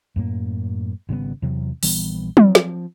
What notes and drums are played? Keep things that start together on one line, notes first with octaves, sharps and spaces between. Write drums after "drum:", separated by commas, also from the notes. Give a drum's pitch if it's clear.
F#2 A2 A#3
G#1 C#3 G3 B3
E2 C3 F#3
A#1 E3 G3 B3, drum: open hi-hat
F3 C4, drum: tom F#3
drum: snare